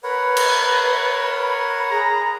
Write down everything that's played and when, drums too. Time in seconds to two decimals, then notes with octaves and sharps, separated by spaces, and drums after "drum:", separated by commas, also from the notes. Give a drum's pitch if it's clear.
0.03 A#4 B4 C#5 F#5 B5
0.37 drum: cymbal
1.91 G#4 A#5